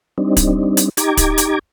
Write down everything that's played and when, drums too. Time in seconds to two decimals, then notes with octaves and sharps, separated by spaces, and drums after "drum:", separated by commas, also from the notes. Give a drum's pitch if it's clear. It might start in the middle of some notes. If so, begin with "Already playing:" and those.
0.18 G3 C4 D4 D#4
0.37 drum: kick, hi-hat
0.77 drum: hi-hat
0.97 D#4 G4 A#5 D6 G#6, drum: hi-hat
1.17 drum: kick, hi-hat
1.38 drum: hi-hat